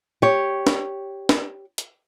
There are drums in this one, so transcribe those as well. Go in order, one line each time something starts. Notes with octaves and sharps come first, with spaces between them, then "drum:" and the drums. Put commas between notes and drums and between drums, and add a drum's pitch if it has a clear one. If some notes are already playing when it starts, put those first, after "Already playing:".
G4 C#5
drum: snare
drum: snare
drum: hi-hat